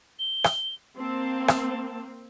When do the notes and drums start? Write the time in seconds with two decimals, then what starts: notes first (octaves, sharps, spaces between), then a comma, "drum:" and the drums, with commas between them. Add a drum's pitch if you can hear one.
0.18 G7
0.44 drum: rim click
0.98 A#3 C4 A5
1.48 drum: rim click